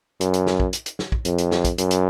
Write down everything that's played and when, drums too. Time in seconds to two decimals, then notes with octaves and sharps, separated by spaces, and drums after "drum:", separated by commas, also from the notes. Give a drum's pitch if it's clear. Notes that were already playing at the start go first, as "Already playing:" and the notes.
0.21 F#2, drum: hi-hat
0.34 drum: hi-hat
0.47 drum: snare
0.60 drum: kick
0.73 drum: hi-hat
0.86 drum: hi-hat
0.99 drum: snare
1.12 drum: kick
1.25 F2, drum: hi-hat
1.38 drum: hi-hat
1.51 drum: snare
1.65 drum: kick, hi-hat
1.78 F#2, drum: hi-hat
1.91 drum: hi-hat